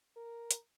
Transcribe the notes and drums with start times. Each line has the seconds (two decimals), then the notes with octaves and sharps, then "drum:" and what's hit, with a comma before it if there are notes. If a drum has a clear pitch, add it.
0.16 A#4
0.51 drum: hi-hat